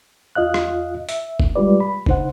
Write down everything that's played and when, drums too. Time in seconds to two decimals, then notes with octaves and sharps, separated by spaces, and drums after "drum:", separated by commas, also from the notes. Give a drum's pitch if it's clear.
0.35 E2 F4 D#5 F5 F#6
0.54 drum: rim click
1.09 E5, drum: hi-hat
1.40 drum: kick
1.56 G3 G#3 F4 G4 B4 D5
1.80 B5
2.06 C#3 D#4 C5 F#5, drum: kick